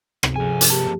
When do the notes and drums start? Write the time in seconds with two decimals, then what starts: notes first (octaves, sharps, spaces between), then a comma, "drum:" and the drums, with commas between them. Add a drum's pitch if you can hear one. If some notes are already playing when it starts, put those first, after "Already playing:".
0.23 G2 C3, drum: rim click
0.36 F2 F3 G#4 A4 G#5
0.61 drum: hi-hat
0.70 F2 A#3 G4 A5